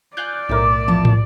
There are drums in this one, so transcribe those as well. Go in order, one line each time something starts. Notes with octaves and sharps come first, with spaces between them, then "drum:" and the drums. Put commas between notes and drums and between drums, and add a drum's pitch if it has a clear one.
F4 D5 F5 G#5 F#6 G6
B1 A2 A#4 E5 D6
E2 F3 A5
drum: tom